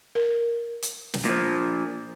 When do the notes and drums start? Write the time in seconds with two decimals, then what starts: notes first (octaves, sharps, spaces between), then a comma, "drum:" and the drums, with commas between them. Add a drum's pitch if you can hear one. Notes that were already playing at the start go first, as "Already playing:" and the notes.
0.15 A#4
0.82 drum: hi-hat
1.14 drum: snare
1.25 A#2 F3